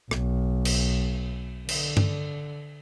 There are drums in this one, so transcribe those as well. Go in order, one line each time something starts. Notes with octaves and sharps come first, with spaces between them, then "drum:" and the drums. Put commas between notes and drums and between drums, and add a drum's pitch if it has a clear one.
B1, drum: rim click
drum: cymbal
D3, drum: cymbal
drum: tom G2